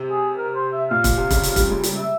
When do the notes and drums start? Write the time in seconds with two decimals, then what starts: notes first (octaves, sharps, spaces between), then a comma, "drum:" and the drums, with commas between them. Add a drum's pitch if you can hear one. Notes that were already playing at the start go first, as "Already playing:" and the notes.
Already playing: C3
0.11 G#4
0.37 A#4
0.55 C5
0.73 E5
0.90 A#2 F5
1.04 A#2, drum: kick, hi-hat
1.17 C3
1.30 C#3, drum: kick, hi-hat
1.43 drum: hi-hat
1.56 G3, drum: kick, hi-hat
1.70 G#3
1.83 G3, drum: hi-hat
1.97 E5